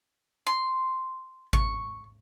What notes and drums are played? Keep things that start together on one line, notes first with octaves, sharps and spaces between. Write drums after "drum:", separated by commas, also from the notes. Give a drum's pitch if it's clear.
C6
C#6, drum: kick G#1